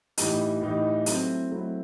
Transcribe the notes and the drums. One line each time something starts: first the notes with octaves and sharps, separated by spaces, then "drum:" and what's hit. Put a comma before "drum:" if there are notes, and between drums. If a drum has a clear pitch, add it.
A2 E3 G3 D#4, drum: hi-hat
A2 E3 G3 D#4
F#3 A3 C4 E4, drum: hi-hat
F#3 A3 C4 E4